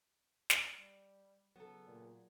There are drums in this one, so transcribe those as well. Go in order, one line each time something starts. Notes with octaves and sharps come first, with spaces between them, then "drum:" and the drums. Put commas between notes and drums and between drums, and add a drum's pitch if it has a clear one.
drum: snare
G3
C#3 F#3 B3 A4
A#2